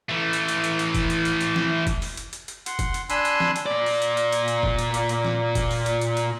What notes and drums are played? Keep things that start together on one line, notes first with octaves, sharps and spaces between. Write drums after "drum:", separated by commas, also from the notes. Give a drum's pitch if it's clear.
E3 A3
drum: hi-hat
drum: hi-hat
drum: hi-hat
drum: hi-hat
drum: kick, hi-hat
drum: hi-hat
drum: hi-hat
drum: hi-hat
drum: snare
drum: kick, hi-hat
drum: open hi-hat
drum: hi-hat
drum: hi-hat
drum: hi-hat
F#5 C6, drum: hi-hat
drum: kick, hi-hat
drum: hi-hat
D4 G#5 B5 C6 E6 F#6, drum: hi-hat
drum: hi-hat
drum: snare
drum: hi-hat
A#2 D5
drum: open hi-hat
drum: hi-hat
drum: hi-hat
drum: hi-hat
drum: hi-hat
drum: kick
drum: hi-hat
drum: hi-hat
drum: hi-hat
drum: snare
drum: kick, hi-hat
drum: open hi-hat
drum: hi-hat
drum: hi-hat
drum: hi-hat